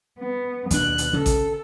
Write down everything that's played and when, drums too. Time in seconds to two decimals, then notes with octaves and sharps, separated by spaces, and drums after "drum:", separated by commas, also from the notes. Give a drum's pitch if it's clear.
0.18 B3
0.71 D#2 B2 D4 F#6, drum: hi-hat
0.98 drum: hi-hat
1.13 C#3 A4
1.26 drum: kick A1, hi-hat